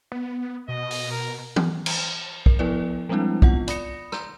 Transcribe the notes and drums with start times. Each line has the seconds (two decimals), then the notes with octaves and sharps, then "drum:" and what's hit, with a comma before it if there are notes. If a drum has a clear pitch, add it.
0.12 B3
0.68 B2 D#5
0.91 drum: open hi-hat
1.11 A#4
1.56 drum: tom E3
1.86 drum: cymbal
2.46 A#4, drum: kick B1
2.59 F3 B3 E4 B4 D5
3.09 F3 G3 G#3 C4 D4 E4
3.42 B3 F4 F#5, drum: kick B1
3.68 D5 B5 D#6 A#6 C#7, drum: hi-hat
4.12 A#5 C6 G6, drum: rim click